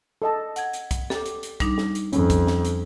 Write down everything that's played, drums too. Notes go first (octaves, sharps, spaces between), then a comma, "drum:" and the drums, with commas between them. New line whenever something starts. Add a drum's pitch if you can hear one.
A4 D#5 A5
F#5 G#6, drum: hi-hat
drum: hi-hat
drum: kick, hi-hat
G4 A4, drum: snare
drum: hi-hat
drum: hi-hat
G3 D4 D#4, drum: kick, hi-hat
drum: snare
drum: hi-hat
F2 C#4, drum: hi-hat
drum: kick, hi-hat
drum: snare
drum: hi-hat